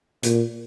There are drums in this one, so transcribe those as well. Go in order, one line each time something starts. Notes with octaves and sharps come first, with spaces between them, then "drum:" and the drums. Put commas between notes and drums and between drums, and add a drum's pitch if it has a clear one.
A#2, drum: hi-hat